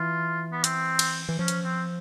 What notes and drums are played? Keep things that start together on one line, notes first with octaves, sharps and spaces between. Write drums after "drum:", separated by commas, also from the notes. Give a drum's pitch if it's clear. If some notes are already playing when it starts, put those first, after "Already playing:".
Already playing: E3 F4
B3
C4, drum: hi-hat
drum: cymbal
E3
F3 C#4
drum: hi-hat
C4